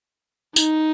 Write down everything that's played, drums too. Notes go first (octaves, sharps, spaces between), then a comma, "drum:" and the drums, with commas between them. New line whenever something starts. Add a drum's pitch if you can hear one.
D#4, drum: tambourine